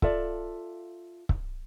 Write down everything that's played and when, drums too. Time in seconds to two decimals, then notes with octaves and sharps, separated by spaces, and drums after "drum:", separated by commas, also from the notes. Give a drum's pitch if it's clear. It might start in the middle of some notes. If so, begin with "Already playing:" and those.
0.02 F4 A4 D5 E5, drum: kick C#1
1.29 drum: kick C#1